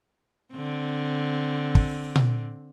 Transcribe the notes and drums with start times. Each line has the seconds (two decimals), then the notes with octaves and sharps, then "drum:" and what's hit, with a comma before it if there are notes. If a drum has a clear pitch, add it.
0.53 D3 C4
1.75 drum: kick
2.16 drum: tom A#2